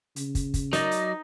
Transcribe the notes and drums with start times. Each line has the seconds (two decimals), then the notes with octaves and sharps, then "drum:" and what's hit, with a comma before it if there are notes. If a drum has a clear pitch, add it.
0.16 C#3, drum: hi-hat
0.35 drum: kick, hi-hat
0.54 drum: kick, hi-hat
0.73 F#3 D#4 D5 D#5, drum: hi-hat
0.91 drum: hi-hat